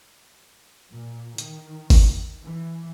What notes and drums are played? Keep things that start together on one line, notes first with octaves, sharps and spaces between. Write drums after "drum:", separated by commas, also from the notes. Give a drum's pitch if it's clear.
A#2
D#3, drum: hi-hat
drum: kick G1, open hi-hat
E3